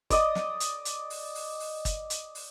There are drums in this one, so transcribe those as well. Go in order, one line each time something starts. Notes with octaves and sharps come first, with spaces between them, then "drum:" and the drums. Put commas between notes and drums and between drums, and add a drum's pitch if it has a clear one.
D5 D#5 D#6, drum: kick, hi-hat
drum: snare
drum: hi-hat
drum: hi-hat
drum: open hi-hat
drum: open hi-hat
drum: open hi-hat
drum: kick, hi-hat
drum: hi-hat
drum: open hi-hat